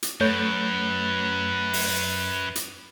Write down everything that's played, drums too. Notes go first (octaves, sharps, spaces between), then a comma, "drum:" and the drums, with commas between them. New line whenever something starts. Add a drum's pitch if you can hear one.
drum: hi-hat
F#2 A3 B4 C#5 G6
drum: open hi-hat
drum: hi-hat